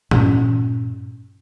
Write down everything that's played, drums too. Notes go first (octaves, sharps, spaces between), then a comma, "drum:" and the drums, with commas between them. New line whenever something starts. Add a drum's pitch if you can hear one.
G2 A#2 A#3 C#4, drum: tom G2